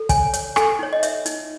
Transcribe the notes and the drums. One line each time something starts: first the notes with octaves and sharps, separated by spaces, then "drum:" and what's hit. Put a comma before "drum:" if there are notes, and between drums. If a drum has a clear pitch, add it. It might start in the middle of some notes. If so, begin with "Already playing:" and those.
Already playing: A4
C#5 G#5, drum: kick, hi-hat
C#5, drum: hi-hat
A4 G#5, drum: rim click
D#4 C#5
D#5
C#5 E5, drum: hi-hat
D#4, drum: hi-hat